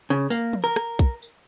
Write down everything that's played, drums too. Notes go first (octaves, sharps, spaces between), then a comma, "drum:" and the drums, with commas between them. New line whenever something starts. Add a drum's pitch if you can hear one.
C#3
A#3, drum: tambourine
drum: tom E3
A#4
drum: rim click
drum: kick
drum: tambourine